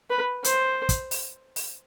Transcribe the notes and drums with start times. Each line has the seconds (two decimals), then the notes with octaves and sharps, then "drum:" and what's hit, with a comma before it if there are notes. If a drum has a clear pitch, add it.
0.10 B4
0.44 C5, drum: hi-hat
0.89 drum: kick, hi-hat
1.11 drum: open hi-hat
1.56 drum: open hi-hat